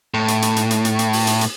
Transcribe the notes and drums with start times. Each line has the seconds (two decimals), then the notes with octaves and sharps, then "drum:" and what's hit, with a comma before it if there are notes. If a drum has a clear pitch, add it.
0.14 A2
0.28 drum: hi-hat
0.42 drum: hi-hat
0.56 drum: hi-hat
0.71 drum: hi-hat
0.85 drum: hi-hat
0.99 drum: hi-hat
1.13 drum: open hi-hat
1.27 drum: hi-hat
1.41 drum: hi-hat